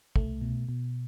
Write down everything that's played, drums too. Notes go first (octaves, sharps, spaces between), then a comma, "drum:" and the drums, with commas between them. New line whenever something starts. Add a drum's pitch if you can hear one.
C2 A3, drum: kick
B2
B2